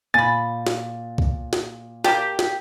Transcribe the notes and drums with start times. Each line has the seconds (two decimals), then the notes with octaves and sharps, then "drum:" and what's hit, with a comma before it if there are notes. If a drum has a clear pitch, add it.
0.14 A#2 G#5 B5 A6
0.67 drum: snare
1.18 drum: kick C2
1.53 drum: snare
2.04 A#3 G4 D5 A5, drum: snare
2.39 drum: snare